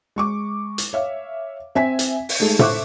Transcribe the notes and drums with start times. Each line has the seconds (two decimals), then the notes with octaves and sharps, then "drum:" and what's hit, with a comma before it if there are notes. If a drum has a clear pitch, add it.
0.16 G#3 C#6 D6
0.78 drum: hi-hat
0.93 C#5 E5 F5
1.75 C4 E5 G#5 B6
1.99 drum: hi-hat
2.29 drum: open hi-hat
2.40 G#3 A3 D#4 G#4 A4
2.59 A4 C5 E5 C#6 D6 F#6, drum: tom